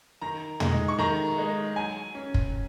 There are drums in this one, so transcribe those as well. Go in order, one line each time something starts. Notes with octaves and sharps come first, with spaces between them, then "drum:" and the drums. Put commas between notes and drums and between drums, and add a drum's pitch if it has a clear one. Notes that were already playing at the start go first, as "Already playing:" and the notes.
D#3 A#5
G#3 D#4, drum: tom
C#6
D#3 A#5
G#3 D#4
F#3 G#5
C#4
drum: kick